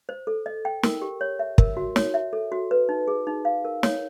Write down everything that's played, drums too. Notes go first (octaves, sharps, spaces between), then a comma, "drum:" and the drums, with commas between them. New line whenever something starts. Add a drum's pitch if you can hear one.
C5
A4
D#5
G5
A#4, drum: snare
G4
C#5
E5
A#4, drum: kick
F#4
C#5, drum: snare
E5
A4
F#4
B4
D#4
G#4
D#4
F5
A#4
C#5, drum: snare